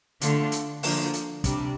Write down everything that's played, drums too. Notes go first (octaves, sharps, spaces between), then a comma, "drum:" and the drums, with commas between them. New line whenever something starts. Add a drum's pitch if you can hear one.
D3 A3 D4 F4, drum: hi-hat
drum: hi-hat
D3 F3 A#3 D4, drum: open hi-hat
drum: hi-hat
C3 G3 D4, drum: kick, hi-hat